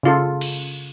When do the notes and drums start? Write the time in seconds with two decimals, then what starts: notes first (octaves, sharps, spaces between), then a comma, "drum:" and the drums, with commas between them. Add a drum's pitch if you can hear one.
0.03 C#3 F4 A4
0.41 drum: cymbal